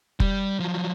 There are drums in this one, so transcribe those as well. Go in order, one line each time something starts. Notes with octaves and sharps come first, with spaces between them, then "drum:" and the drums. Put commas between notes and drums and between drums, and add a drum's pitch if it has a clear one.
G3, drum: kick F1
F3 F#3